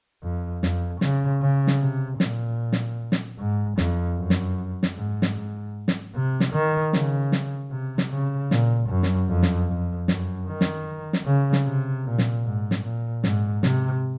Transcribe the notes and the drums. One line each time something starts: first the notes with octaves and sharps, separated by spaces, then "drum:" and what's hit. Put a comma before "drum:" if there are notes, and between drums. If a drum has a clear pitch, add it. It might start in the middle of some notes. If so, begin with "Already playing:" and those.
F2
F2, drum: snare
C#3, drum: snare
C#3
drum: snare
C3
A#2, drum: snare
drum: snare
drum: snare
G#2
F2, drum: snare
F#2
drum: snare
drum: snare
G#2
drum: snare
G#2
drum: snare
C3
drum: snare
D#3
C#3, drum: snare
drum: snare
C3
drum: snare
C#3
A#2, drum: snare
F#2
drum: snare
F2
drum: snare
F2
F#2, drum: snare
D#3
drum: snare
drum: snare
C#3
drum: snare
C3
A#2
drum: snare
G#2
drum: snare
A#2
G#2, drum: snare
C3, drum: snare